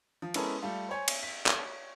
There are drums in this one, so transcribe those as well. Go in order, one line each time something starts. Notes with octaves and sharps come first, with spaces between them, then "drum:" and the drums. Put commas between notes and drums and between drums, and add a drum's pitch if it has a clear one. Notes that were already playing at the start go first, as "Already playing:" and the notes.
F3
G#3 B3 C#4 E4 A4 A#4, drum: cymbal
G3 A3 F4
C5 C#5 G#5
drum: cymbal
B6
C#5, drum: clap